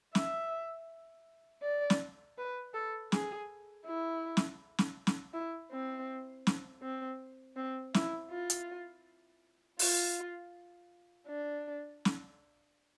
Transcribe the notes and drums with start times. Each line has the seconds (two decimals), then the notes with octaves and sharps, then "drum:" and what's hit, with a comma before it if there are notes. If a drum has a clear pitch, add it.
0.15 E5, drum: snare
1.63 D5
1.90 drum: snare
2.38 B4
2.74 A4
3.12 G#4, drum: snare
3.86 E4
4.37 drum: snare
4.78 drum: snare
5.07 drum: snare
5.34 E4
5.71 C4
6.47 drum: snare
6.82 C4
7.56 C4
7.94 E4, drum: snare
8.31 F4
8.50 drum: hi-hat
9.79 F4, drum: open hi-hat
11.27 D4
12.05 drum: snare